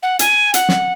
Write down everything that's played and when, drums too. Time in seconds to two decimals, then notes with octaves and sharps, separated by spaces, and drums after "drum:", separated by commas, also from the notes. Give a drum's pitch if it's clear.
0.02 F#5
0.19 G#5, drum: hi-hat
0.54 F#5, drum: hi-hat
0.69 drum: snare